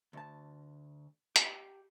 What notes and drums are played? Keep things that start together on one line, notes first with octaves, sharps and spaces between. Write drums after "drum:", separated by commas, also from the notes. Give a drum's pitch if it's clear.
D2 A5
G4, drum: hi-hat